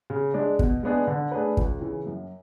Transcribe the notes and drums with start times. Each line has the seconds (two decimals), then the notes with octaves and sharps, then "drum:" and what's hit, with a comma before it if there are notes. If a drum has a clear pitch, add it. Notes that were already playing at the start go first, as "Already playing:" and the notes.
0.10 C#3
0.34 G#3 D4
0.59 B2, drum: kick
0.83 G#3 B3 D4 G#4
1.07 D3
1.31 A3 D4 G#4 B4
1.57 C#2, drum: kick
1.81 C#3 E3
2.06 F#2